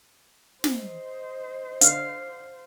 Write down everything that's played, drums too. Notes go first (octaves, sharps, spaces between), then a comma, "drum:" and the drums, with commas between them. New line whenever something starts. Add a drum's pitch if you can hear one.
C5 D#5, drum: snare
D3 F5, drum: hi-hat